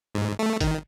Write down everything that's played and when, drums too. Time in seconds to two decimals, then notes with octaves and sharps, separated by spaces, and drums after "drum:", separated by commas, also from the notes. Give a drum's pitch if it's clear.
0.15 G#2
0.39 A3
0.60 D#3, drum: kick G#1, hi-hat